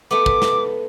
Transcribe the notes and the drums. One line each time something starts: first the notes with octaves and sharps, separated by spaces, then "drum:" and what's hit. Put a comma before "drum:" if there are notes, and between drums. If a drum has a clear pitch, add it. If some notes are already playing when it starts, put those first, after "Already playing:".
A3 B3 D6
drum: kick
drum: snare